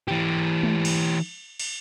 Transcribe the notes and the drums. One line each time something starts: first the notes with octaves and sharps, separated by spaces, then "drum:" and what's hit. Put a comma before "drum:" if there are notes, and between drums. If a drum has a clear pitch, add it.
E3 G4
drum: tom G#3
drum: cymbal
drum: cymbal